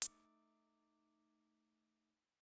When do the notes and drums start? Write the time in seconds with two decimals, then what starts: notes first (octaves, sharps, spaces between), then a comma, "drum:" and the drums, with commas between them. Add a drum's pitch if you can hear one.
0.02 A3 D#4 D6, drum: hi-hat